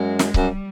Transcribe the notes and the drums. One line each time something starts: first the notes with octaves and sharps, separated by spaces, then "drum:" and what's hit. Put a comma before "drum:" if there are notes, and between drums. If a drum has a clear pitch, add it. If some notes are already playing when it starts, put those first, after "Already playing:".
Already playing: F#2 G#3
drum: snare
F#2 G3, drum: kick C#1